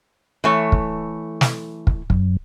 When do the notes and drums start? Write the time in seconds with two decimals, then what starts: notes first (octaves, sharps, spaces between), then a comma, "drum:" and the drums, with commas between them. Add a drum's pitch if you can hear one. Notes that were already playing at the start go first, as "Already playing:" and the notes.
0.44 E3 A3 C#5
0.72 drum: kick
1.41 drum: snare
1.87 drum: kick
2.10 F#2, drum: kick